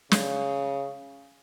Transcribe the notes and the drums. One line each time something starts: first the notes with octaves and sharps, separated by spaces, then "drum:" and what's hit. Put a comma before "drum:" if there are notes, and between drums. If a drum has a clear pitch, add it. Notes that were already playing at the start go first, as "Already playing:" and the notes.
C#3, drum: snare